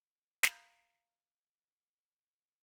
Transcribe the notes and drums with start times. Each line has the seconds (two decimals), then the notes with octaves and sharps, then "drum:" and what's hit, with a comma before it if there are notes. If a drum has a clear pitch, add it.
0.43 F5 A#5 B5 D#6, drum: snare